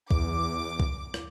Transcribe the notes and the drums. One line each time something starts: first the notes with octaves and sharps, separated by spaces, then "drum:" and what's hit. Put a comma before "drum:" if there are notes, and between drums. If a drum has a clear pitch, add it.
E2 D6, drum: kick
drum: kick
drum: rim click